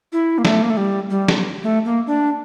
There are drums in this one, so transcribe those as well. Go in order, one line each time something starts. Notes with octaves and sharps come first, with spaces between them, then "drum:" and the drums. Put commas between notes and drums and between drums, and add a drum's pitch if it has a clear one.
E4
A#3
A3, drum: snare
A#3
A3
G3
G3
drum: snare
A3
A#3
D4